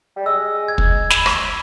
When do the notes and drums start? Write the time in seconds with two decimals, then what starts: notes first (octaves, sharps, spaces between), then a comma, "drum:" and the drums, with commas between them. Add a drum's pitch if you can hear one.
0.16 G3
0.26 G#3 E6
0.68 G#6
0.78 drum: kick
1.10 B5, drum: snare
1.26 drum: rim click